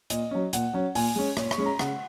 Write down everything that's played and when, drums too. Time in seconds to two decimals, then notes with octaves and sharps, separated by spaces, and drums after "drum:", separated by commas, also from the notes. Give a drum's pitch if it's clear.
0.10 A#2 D#5, drum: hi-hat
0.31 F#3 C#4
0.53 A#2 F#5, drum: hi-hat
0.73 F#3 C#4
0.95 A#2 G#5, drum: open hi-hat
1.16 G#3 C#4
1.37 A#2 C#5, drum: rim click
1.51 C#6, drum: rim click
1.58 G#3 C#4
1.66 A#5
1.79 C#3 F#5, drum: rim click